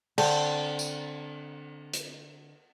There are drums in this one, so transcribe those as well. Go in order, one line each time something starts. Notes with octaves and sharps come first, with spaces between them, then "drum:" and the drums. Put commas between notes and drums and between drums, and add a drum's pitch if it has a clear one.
D3 C4, drum: cymbal
drum: tambourine
drum: hi-hat